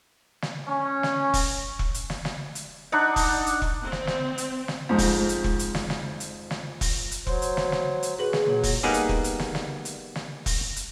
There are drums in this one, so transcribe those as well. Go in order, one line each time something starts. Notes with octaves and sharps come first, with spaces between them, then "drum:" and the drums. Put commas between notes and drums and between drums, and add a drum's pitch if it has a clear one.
drum: snare
C#4
drum: snare
drum: kick E1, open hi-hat
drum: kick E1
drum: hi-hat
drum: snare
drum: snare
drum: hi-hat
D4 D#4 F#5 C#6
drum: kick E1, open hi-hat
drum: hi-hat
drum: kick E1
C4
drum: snare
drum: snare
drum: hi-hat
drum: snare
F2 G#2
drum: kick E1, open hi-hat
drum: hi-hat
drum: kick E1
drum: hi-hat
drum: snare
drum: snare
drum: hi-hat
drum: snare
drum: kick E1, open hi-hat
drum: hi-hat
F#3 C5, drum: kick E1
drum: hi-hat
drum: snare
drum: snare
drum: hi-hat
F#4 G#4 B4
drum: snare
A#2 F#3
drum: kick E1, open hi-hat
G3 A#3 B3 D#4 G#4 D5
drum: hi-hat
drum: kick E1
drum: hi-hat
drum: snare
drum: snare
drum: hi-hat
drum: snare
drum: kick E1, open hi-hat
drum: hi-hat